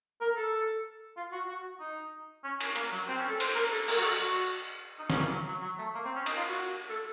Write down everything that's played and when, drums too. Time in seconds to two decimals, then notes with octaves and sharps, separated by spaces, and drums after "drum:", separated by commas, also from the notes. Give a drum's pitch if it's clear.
0.21 A#4
0.36 A4
1.17 F4
1.32 F#4
1.49 F#4
1.80 D#4
2.44 C#4
2.60 C#4, drum: cymbal
2.76 A#3, drum: hi-hat
2.92 F#3
3.08 C4
3.19 C#4
3.29 A4
3.40 C5, drum: cymbal
3.55 A#4
3.72 A4
3.88 A#4, drum: cymbal
3.96 F#4
4.03 A4
4.19 F#4
4.99 D#4
5.10 C#4, drum: snare
5.20 A#3
5.31 F#3
5.47 F#3
5.62 F#3
5.78 A3
5.95 A#3
6.05 C4
6.15 C#4
6.26 D#4, drum: cymbal
6.37 F4
6.48 F#4
6.90 A4